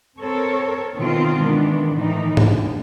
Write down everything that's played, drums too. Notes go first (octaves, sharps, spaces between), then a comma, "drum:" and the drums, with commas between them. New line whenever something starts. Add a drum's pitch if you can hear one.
C4 A4 A#4 C#5
B2 D#3 B3 C4 D#4 F4
G#2 D#3 E3 B3 D4
A2 D#3 E3 D#4
D3, drum: tom G#2